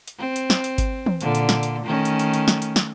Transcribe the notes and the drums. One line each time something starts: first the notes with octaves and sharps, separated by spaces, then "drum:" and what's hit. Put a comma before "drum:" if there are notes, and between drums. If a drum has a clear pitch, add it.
drum: hi-hat
C4
drum: hi-hat
drum: snare
drum: hi-hat
drum: kick G#1, hi-hat
drum: tom
A#2 D3, drum: hi-hat
drum: hi-hat
drum: snare
drum: hi-hat
D#3 A3 C#4
drum: hi-hat
drum: hi-hat
drum: hi-hat
drum: snare
drum: hi-hat
drum: snare